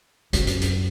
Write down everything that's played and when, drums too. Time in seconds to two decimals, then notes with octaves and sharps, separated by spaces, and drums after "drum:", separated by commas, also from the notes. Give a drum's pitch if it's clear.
0.33 F#2, drum: hi-hat
0.47 drum: hi-hat
0.61 drum: hi-hat